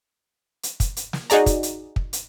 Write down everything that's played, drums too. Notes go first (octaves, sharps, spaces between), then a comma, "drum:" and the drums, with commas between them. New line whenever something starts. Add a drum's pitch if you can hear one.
drum: hi-hat
drum: kick, hi-hat
drum: hi-hat
drum: snare
D#4 F#4 G#4 D5 A#5, drum: hi-hat
drum: kick, hi-hat
drum: hi-hat
drum: kick
drum: hi-hat